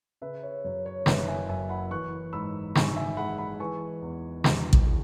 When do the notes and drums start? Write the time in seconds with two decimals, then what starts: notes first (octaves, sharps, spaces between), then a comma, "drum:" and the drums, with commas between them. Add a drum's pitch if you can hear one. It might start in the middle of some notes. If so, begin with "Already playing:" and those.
0.21 C#3 B4 E5
0.43 C#5
0.65 F#2 C#5
0.86 C#5
1.06 F#1 B4 E5, drum: snare
1.28 E5 G#5
1.48 F#1 E5 G#5
1.69 F#5 B5
1.91 E3 C#6 F#6
2.33 G#2 B5 E6
2.75 G#1 G#5 C#6, drum: snare
2.96 E5 G#5
3.17 G#3 F#5 B5
3.38 F#5 B5
3.60 E3 G#5 C#6
4.02 E2
4.44 E1, drum: snare
4.73 drum: kick
4.86 G#3